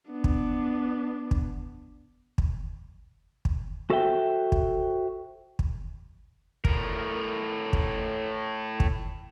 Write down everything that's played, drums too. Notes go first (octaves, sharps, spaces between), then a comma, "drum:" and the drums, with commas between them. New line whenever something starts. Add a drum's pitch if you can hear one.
B3 D4
drum: kick
drum: kick
drum: kick
drum: kick
F#4 A4 C5 E5 G5
drum: kick
drum: kick
A2 A#4, drum: kick
drum: kick
drum: kick